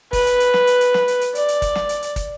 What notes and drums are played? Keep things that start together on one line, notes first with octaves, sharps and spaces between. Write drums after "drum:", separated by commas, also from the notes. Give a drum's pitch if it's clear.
B4, drum: kick, open hi-hat
drum: hi-hat
drum: hi-hat
drum: snare
drum: hi-hat
drum: hi-hat
drum: snare
drum: hi-hat
drum: hi-hat
D5, drum: hi-hat
drum: hi-hat
drum: kick, hi-hat
drum: snare
drum: hi-hat
drum: hi-hat
drum: kick, hi-hat